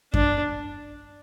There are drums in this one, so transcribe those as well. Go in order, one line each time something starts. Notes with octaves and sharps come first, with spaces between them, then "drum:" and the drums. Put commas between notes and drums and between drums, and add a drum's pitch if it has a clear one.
D4, drum: kick F#2